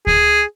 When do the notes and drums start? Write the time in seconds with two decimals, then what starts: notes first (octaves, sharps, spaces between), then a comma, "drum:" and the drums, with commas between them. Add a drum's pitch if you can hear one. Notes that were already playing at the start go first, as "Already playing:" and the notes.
0.07 G#4, drum: kick D2